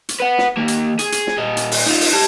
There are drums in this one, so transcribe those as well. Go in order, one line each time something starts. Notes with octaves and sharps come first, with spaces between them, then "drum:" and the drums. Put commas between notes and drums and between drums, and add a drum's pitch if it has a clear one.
drum: hi-hat
B4 F#5
drum: snare
D#2 A#3
drum: hi-hat
G#4, drum: hi-hat
drum: hi-hat
drum: snare
A#2 D#5
drum: hi-hat
drum: open hi-hat
D#4 F4, drum: hi-hat
drum: open hi-hat
G4 A5